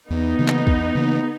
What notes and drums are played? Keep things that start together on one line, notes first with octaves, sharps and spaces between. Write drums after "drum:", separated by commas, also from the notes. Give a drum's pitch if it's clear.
E2 B3 D#4
C#3 E3 A#3
drum: clap
E2, drum: kick
C#3 E3 A#3